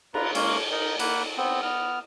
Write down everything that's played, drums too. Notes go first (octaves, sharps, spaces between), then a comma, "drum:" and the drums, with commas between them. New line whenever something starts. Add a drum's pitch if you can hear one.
F4 B4 A#5, drum: cymbal
G#3 A#3 C#4 F5, drum: cymbal
D#4 A#4
A#3 F#5 B5, drum: cymbal
B3 C4
B3 F6